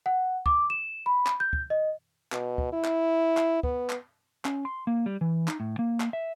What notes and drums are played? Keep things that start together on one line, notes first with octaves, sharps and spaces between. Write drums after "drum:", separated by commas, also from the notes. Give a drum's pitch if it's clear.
F#5
D6, drum: kick
E7
B5
drum: clap
G6
drum: kick
D#5
B2, drum: clap
drum: kick
E4
drum: clap
drum: clap
B3, drum: kick
drum: clap
C#4, drum: clap
C6
A#3
G3
E3
D#4, drum: clap
A2
A#3
drum: clap
E5